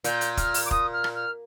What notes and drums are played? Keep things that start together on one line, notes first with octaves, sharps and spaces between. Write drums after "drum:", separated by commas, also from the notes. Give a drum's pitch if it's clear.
A#2 G6, drum: hi-hat
drum: hi-hat
F6, drum: kick, hi-hat
drum: open hi-hat
D6
D#6, drum: kick
F6
drum: rim click
F6